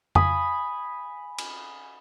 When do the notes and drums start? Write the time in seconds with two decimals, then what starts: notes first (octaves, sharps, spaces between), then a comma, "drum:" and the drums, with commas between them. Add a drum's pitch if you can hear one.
0.15 G#5 B5 D#6, drum: tom F2
1.39 drum: cymbal